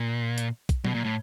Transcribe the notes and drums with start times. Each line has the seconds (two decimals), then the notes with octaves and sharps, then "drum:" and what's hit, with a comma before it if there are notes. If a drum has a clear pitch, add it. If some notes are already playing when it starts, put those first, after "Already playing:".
Already playing: A#2
0.38 drum: hi-hat
0.69 drum: kick, hi-hat
0.85 B2, drum: tom F#3
0.95 A#2
1.04 A2